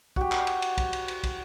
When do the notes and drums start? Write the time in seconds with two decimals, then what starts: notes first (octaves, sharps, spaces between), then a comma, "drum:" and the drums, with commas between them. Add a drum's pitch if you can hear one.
0.16 F#4 G4, drum: kick
0.32 drum: clap
0.47 drum: cymbal
0.62 drum: cymbal
0.78 drum: kick, cymbal
0.93 drum: cymbal
1.08 drum: cymbal
1.24 drum: kick, cymbal